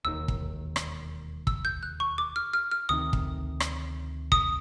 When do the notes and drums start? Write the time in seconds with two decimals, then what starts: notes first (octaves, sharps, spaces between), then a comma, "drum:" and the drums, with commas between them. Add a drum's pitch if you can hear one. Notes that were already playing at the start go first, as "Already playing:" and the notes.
0.05 E1 D#2 D#3 E6
0.28 drum: kick
0.76 drum: rim click
1.47 E6, drum: kick
1.65 G6
1.83 F#6
2.00 C#6
2.18 D6
2.36 F6
2.53 F6
2.71 F6
2.89 D2 C3 D#3 D#6
3.13 drum: kick
3.60 drum: rim click
4.32 D#6, drum: kick